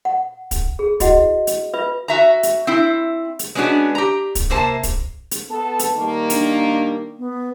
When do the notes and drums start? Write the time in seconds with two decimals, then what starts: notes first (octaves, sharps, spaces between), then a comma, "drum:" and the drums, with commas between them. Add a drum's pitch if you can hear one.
0.05 F#5
0.51 drum: kick, hi-hat
0.79 G#4
1.00 E4 F#4 D#5 F#5, drum: kick, hi-hat
1.47 drum: hi-hat
1.74 F4 B4 E5
2.08 F#4 E5 A#5
2.43 drum: hi-hat
2.67 C4 E4
3.39 drum: hi-hat
3.55 G#3 B3 C#4 D4 F#4
3.95 G4 A#5
4.35 drum: kick, hi-hat
4.50 C3 A#3 C5 A5
4.83 drum: kick, hi-hat
5.31 drum: hi-hat
5.50 B3 A4 A5
5.79 drum: hi-hat
5.96 D#3 G3 A#3
6.30 D4, drum: hi-hat
7.19 B3